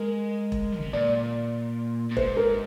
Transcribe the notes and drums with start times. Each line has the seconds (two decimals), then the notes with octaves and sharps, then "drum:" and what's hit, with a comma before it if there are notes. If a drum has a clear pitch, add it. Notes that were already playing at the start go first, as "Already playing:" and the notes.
Already playing: G#3 A#4
0.52 drum: kick E1
0.81 C3
0.93 A#2 D5
2.11 A#2
2.17 G#2 C5, drum: kick E1
2.37 A#4